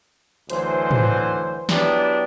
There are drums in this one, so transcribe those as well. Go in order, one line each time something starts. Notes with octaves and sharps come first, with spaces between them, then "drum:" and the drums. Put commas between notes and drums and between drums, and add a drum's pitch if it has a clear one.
D2 E3 F#3 C5, drum: hi-hat
drum: tom
F#3 B3 D4 E4 G4, drum: snare